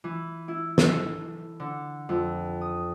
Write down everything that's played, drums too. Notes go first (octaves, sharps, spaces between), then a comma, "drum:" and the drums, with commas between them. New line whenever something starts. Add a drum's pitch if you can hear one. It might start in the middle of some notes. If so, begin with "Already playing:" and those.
E3
E4
A4, drum: snare
D3
F2
D#6